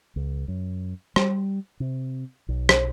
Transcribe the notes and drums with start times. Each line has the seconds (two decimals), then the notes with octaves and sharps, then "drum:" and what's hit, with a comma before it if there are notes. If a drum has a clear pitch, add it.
0.16 C#2
0.48 F#2
1.16 G3, drum: rim click
1.80 C3
2.49 B1
2.69 drum: rim click